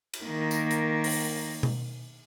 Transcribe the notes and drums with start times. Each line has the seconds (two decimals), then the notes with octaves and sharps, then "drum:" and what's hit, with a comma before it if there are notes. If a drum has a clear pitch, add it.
0.14 drum: cymbal
0.24 D#3 A#3
0.51 drum: tambourine
0.71 drum: hi-hat
1.04 drum: open hi-hat
1.63 drum: tom B2